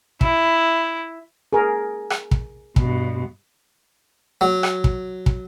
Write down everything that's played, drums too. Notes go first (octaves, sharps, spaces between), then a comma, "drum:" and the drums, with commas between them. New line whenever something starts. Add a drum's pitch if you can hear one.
E4, drum: kick
G#4 A#4
drum: rim click
drum: kick
G2 B2, drum: kick
F#3
drum: rim click
drum: kick
drum: kick